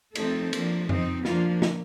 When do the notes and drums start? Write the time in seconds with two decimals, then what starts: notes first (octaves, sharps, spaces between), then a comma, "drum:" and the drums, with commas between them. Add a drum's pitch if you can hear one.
0.15 F3 A3 C4 D#4 A4, drum: cymbal
0.53 F3 A#3 D4, drum: cymbal
0.89 F3 C4 D#4, drum: tom F2
1.25 F3 A#3 D4 F4, drum: snare
1.62 drum: snare